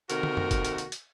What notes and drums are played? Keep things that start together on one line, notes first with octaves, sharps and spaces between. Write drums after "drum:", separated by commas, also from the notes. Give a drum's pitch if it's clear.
C3 D#3 A#3 F#4 A4 A#4, drum: hi-hat
drum: tom
drum: tom F#2
drum: kick, hi-hat
drum: hi-hat
drum: hi-hat
drum: hi-hat